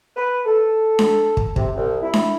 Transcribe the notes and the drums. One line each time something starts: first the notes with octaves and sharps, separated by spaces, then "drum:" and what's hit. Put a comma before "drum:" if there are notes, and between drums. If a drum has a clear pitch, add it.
B4
A4
drum: snare D4
drum: kick
C3, drum: kick
C2
E4
drum: snare D4